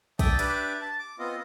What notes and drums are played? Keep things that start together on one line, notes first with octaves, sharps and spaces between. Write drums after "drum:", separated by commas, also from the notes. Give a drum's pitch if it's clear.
D5 E5 G5 A5 D#6, drum: kick A#1, hi-hat
D4 G4 B4 D5 E5 D6, drum: hi-hat
A5
D6
B3 C4 F4 D#5